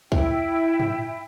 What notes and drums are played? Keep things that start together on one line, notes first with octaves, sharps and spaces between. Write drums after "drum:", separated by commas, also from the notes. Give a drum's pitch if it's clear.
E4 G5, drum: kick
drum: tom G2